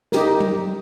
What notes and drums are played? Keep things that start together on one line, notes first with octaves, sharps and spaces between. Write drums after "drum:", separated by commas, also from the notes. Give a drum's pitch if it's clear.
D#4 G4 A#4, drum: snare
drum: tom F#3